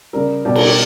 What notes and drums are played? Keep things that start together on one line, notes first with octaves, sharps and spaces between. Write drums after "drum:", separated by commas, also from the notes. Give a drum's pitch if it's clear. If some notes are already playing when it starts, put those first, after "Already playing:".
C#3 G3 A#4
B2 G3 G4
A#4, drum: cymbal
G4